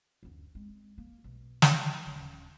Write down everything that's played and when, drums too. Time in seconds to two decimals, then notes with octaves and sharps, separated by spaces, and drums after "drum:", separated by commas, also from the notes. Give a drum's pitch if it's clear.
0.23 F#1 D2
0.55 G#3 C4
0.98 A#3
1.24 B1
1.62 drum: snare
2.07 D#1 C#4